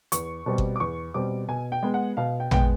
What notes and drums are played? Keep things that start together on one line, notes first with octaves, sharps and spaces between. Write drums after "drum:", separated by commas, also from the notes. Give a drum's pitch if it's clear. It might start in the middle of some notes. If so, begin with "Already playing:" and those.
E2 C#6, drum: hi-hat
B2 G3 C4
drum: kick G1
D6
E2 C#6
B2 G3 C4 D6
B2 G#5
G5
G#3 B3
F#5
B2 F5
G5
G#3 B3 G5, drum: tom